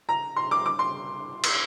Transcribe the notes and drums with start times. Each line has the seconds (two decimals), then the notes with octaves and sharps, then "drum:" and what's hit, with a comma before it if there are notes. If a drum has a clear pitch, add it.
0.09 A#5
0.36 C6
0.51 D6
0.66 D6
0.79 C6
1.44 drum: cymbal